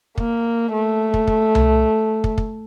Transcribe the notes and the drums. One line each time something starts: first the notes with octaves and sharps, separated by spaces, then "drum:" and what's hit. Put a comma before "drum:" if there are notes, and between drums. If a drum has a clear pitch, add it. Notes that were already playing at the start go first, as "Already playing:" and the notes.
A#3, drum: kick
A3
drum: kick
drum: kick
drum: tom C2
drum: kick
drum: kick